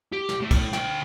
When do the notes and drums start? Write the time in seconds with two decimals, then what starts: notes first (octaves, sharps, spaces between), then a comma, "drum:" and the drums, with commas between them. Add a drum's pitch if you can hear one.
0.13 G4
0.29 drum: snare
0.41 A2
0.51 drum: kick, cymbal
0.73 D2 G5, drum: snare